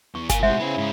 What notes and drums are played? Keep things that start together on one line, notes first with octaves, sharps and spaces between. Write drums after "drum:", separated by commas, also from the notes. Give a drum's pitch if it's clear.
E2 C#6
F4 A#4 G#5, drum: snare G1
A2 C3 G#3 C5 E5 F#5
C#3 B3 E4 C5
G#2